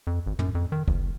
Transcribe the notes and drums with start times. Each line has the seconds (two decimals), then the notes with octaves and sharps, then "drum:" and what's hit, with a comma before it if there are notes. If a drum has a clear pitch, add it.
0.07 F2
0.26 G#1
0.39 F#2, drum: tom A2
0.55 F2
0.72 D#3
0.88 F#1, drum: kick